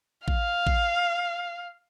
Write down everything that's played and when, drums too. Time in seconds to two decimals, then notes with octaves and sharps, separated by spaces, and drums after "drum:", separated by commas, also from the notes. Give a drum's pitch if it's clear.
0.28 F5, drum: kick
0.67 drum: kick